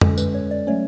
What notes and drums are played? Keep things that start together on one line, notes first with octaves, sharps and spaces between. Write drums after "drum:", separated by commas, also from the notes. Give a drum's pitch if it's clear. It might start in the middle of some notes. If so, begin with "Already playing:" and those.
D3 G#3 C#4 A4, drum: tom F2
B4, drum: tambourine
C#5
D5
F#3 A3 C#4 C#5